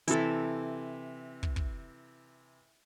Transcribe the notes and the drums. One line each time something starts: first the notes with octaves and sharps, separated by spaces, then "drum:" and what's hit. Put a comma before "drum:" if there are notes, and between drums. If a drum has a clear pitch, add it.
C3 E3 E4 A4, drum: hi-hat
drum: kick
drum: kick